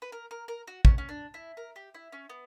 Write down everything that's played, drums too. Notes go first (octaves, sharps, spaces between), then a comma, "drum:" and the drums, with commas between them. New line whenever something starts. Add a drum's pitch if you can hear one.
B4
A#4
A#4
A#4
F#4
C#4, drum: kick
C#4
D4
E4
A#4
G4
E4
C#4
B3